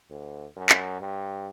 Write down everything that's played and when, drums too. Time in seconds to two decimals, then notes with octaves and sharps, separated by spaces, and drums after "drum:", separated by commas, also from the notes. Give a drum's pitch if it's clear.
0.10 D2
0.57 F#2
0.69 drum: clap
1.01 G2